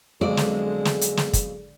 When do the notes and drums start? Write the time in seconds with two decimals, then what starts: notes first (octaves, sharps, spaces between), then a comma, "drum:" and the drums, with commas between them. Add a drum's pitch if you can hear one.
0.21 B1 F2 D3 G#3 G#4 D5
0.37 drum: snare
0.85 drum: snare
1.01 drum: hi-hat
1.17 drum: snare
1.33 drum: kick, hi-hat